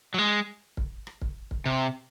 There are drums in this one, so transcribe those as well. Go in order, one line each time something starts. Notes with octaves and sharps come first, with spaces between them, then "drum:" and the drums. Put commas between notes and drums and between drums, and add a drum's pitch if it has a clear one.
F#3
G#3
drum: kick
drum: rim click
drum: kick
drum: kick
C3